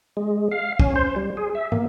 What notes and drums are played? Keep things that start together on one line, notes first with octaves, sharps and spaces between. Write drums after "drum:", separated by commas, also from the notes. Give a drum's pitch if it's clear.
G#3
F5
C#4, drum: kick
C5
G3
G#4
E5
A#3, drum: tom